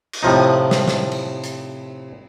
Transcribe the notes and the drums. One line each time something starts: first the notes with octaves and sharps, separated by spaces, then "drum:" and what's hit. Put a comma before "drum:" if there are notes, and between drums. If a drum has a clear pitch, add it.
drum: cymbal
A2 C3 F3 D#4
drum: snare
drum: snare
drum: cymbal
drum: hi-hat